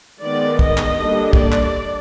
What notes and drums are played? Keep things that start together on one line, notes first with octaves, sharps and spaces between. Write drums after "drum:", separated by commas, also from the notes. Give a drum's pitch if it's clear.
D#3 G#3 B3 D5
D#5, drum: kick
drum: clap
D3 G3 A#3 D4
D5, drum: kick
drum: clap